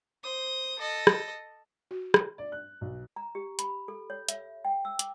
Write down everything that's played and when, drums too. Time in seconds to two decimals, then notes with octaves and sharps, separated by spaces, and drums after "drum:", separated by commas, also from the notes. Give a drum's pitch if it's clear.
0.23 C5 D#6
0.79 A4 D#5
1.07 drum: rim click
1.91 F#4
2.14 drum: rim click
2.38 D5
2.52 F#6
2.81 B1
3.16 A#5
3.35 G4
3.59 B5, drum: hi-hat
3.88 A4
4.10 C#5
4.29 E5, drum: hi-hat
4.65 G5
4.85 E6
4.99 D6, drum: hi-hat